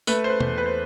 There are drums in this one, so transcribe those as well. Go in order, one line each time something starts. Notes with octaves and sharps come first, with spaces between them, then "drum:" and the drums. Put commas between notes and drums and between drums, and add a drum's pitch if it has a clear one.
A3 B4, drum: tambourine
C5
B4
E2, drum: tom
B4
C5